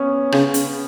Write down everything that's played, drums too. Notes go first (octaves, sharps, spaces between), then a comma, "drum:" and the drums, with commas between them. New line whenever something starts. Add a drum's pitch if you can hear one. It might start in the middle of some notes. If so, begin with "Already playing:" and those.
Already playing: B3 C#4
C#3, drum: rim click
drum: hi-hat